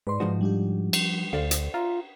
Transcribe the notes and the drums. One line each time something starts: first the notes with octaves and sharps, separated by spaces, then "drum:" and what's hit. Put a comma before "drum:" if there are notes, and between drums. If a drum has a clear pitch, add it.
G#2 B4 D5 C6
G#2 F3 D#4 F#4
G3 D4 G4
drum: cymbal
D2 A4 C5 D5 F5
drum: hi-hat
F4 E5 A#5